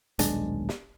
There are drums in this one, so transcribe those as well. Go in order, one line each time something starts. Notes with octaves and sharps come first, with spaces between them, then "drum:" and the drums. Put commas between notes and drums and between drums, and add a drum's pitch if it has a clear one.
D#1 B1 G#3 D4, drum: hi-hat
drum: snare